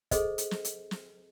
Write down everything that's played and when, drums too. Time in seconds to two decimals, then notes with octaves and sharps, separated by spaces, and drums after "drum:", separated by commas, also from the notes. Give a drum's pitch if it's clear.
0.11 G#4 A4 C5 D#5, drum: kick, hi-hat
0.38 drum: hi-hat
0.51 drum: snare
0.65 drum: hi-hat
0.91 drum: snare